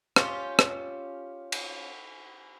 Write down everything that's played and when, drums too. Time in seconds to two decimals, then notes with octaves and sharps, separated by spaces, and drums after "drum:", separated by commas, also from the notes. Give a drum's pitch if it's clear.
0.16 C#4 F4 G4, drum: rim click
0.59 drum: rim click
1.52 drum: cymbal